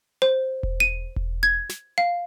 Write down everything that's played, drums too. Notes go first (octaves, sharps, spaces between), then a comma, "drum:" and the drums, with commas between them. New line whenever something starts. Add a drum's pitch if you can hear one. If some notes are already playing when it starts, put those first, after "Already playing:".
C5
drum: kick E1
D#7
drum: kick E1
G#6
drum: snare
F5